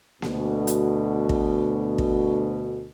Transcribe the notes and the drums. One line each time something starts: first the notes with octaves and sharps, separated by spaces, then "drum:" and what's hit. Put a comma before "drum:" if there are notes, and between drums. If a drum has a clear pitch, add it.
D2 B2, drum: snare A#3
drum: hi-hat
drum: kick
drum: kick